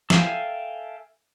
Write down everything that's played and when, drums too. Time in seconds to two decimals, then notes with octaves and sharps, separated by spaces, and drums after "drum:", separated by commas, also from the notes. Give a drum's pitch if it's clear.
0.10 A4 E5 F5 G5 G#5, drum: snare